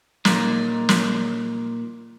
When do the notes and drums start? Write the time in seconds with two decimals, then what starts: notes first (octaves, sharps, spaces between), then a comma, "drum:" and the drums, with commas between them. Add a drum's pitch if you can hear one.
0.25 A#2 D#4, drum: snare
0.89 drum: snare